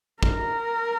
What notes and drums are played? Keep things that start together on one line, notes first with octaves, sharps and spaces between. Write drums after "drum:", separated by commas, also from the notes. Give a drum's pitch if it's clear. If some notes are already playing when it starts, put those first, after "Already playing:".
A#4, drum: kick